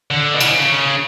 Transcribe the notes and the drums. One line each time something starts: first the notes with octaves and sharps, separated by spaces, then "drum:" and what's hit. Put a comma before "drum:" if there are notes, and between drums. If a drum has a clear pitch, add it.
D3
B2
C#3, drum: cymbal